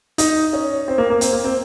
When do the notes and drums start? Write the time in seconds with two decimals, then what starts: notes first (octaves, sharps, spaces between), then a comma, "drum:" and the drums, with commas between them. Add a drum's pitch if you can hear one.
0.18 D#4, drum: hi-hat
0.53 C#4
0.88 C4
0.98 A#3
1.10 A#3
1.21 C4, drum: hi-hat
1.33 A#3
1.44 C4